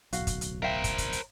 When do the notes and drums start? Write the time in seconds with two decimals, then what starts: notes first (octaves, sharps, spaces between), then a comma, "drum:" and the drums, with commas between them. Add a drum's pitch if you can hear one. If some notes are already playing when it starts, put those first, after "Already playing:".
0.13 D1 B1 F#4 F5, drum: hi-hat
0.27 drum: kick, hi-hat
0.41 drum: hi-hat
0.62 A#4 C5 E5 F5 G5
0.84 drum: kick, hi-hat
0.98 drum: kick, hi-hat
1.12 drum: hi-hat